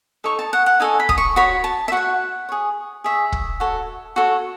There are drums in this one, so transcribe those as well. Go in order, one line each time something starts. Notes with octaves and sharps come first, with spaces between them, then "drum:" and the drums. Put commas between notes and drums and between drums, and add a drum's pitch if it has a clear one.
D#4 A4 C#5 C#6
A5
F#5
F#5
D#4 A4 C#5 G#5
B5
D#6, drum: kick
C#6
F#4 C#5 B5
A5
E5
F#4 C#5 F#5
G#4 C#5
G#4 C#5 E5
drum: kick
F#4 A4 C#5
F#4 A4 C#5